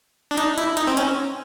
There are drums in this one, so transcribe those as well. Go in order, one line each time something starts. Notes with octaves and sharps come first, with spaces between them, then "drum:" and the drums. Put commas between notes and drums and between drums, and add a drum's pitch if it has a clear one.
D4
D#4, drum: hi-hat
E4, drum: hi-hat
D#4, drum: hi-hat
C4
C#4, drum: hi-hat